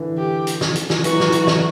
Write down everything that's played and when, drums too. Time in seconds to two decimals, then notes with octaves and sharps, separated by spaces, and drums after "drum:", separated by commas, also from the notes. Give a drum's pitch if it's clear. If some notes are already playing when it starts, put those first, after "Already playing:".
Already playing: D3 E3
0.18 G4
0.47 drum: hi-hat
0.61 drum: snare
0.75 drum: hi-hat
0.90 drum: snare
1.04 E3 F#4, drum: hi-hat
1.12 F#3
1.20 E3, drum: snare
1.32 E3, drum: hi-hat
1.47 drum: snare